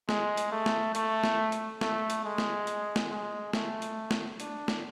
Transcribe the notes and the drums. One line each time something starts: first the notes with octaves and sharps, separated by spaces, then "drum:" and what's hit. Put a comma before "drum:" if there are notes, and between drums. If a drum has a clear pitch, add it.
G#3, drum: snare
drum: hi-hat
A3
drum: snare
A3, drum: hi-hat
drum: snare
drum: hi-hat
A3, drum: snare
drum: hi-hat
G#3
drum: snare
drum: hi-hat
drum: snare
G#3
A3, drum: snare
drum: hi-hat
drum: snare
D4, drum: hi-hat
drum: snare